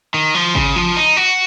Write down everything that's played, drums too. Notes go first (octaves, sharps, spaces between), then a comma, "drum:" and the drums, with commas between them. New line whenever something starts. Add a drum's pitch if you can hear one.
D#3
F3
C#3, drum: kick
F3
D#4
F#4